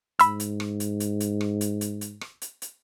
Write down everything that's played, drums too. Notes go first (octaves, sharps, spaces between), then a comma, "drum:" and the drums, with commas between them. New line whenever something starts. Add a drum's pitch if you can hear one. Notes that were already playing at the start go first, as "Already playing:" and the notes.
G#2 B5 E6, drum: hi-hat
drum: hi-hat
drum: rim click
drum: hi-hat
drum: hi-hat
drum: hi-hat
drum: rim click
drum: hi-hat
drum: hi-hat
drum: hi-hat
drum: rim click
drum: hi-hat
drum: hi-hat